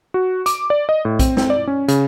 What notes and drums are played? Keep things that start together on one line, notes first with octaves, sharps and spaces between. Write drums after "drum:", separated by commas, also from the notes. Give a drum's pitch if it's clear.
F#4
D6, drum: hi-hat
D5
D#5
A2
C4, drum: kick A#1, hi-hat
C4, drum: snare
D5
C#4
C#3, drum: hi-hat